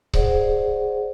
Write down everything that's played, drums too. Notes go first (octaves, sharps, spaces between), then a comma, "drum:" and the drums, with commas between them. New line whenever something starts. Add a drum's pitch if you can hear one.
G#4 C5 D5 F#5, drum: kick C#1